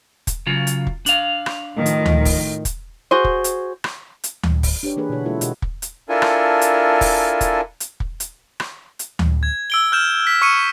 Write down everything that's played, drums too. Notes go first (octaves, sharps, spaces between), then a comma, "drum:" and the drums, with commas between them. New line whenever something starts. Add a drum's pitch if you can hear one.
drum: kick, hi-hat
C#3 F#3 F4
drum: hi-hat
drum: kick
D4 F5, drum: hi-hat
drum: rim click
A2 D#3 F3
drum: hi-hat
drum: tom D2
drum: kick, open hi-hat
drum: kick, hi-hat
F#4 G#4 C5
drum: kick
drum: hi-hat
drum: rim click
drum: hi-hat
drum: tom D2
drum: kick, open hi-hat
D4 G4 B4 C#5
E3 A#3 D4 G#4 A#4 B4
B2 D3 E4 F#4 C#5
G#3 A#3 E4 F4 A4 B4
B2 F4 G4 D#5 F#5, drum: hi-hat
drum: kick
drum: hi-hat
D4 E4 F4 A4 A#4 G#5
drum: rim click
drum: hi-hat
drum: kick, open hi-hat
drum: kick, hi-hat
drum: hi-hat
drum: kick
drum: hi-hat
drum: rim click
drum: hi-hat
drum: tom D2
G#6
E6 D7 G7
F6 G6 E7
B6
C#6 C#7 D#7